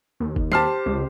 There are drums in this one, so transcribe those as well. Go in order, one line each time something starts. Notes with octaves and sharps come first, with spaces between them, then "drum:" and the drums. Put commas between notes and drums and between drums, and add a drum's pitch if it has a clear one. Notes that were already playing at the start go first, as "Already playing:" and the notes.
D#2
drum: kick
G4 C5 A5 F6 C7, drum: snare
C#2